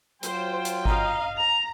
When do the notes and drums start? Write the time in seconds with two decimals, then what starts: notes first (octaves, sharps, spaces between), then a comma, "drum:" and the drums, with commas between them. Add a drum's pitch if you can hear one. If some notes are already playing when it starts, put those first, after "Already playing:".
0.23 F#3 F4 C5 G5, drum: hi-hat
0.65 drum: hi-hat
0.85 D#5 F5 A#5, drum: kick G#1
1.38 A#5 F7